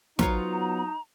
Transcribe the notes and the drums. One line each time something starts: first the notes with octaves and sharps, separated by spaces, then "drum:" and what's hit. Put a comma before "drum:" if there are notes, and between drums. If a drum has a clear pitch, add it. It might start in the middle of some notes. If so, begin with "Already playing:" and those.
F#3 B3 D#4 F4 C#5 A#5, drum: snare